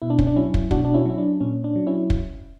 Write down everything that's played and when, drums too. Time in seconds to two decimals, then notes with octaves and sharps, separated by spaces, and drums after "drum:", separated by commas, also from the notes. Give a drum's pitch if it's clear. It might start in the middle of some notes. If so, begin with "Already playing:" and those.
0.02 B2 E4
0.10 D4
0.19 C#4, drum: kick
0.27 D4
0.36 F#3 C#4 E4
0.54 drum: kick
0.71 B2 D4 F#4, drum: kick
0.85 D4
0.94 C#4 E4
1.05 F#3 E4
1.18 D4
1.40 A#2 C#4
1.64 D4
1.76 F#3
1.87 C#4 E4
2.10 drum: kick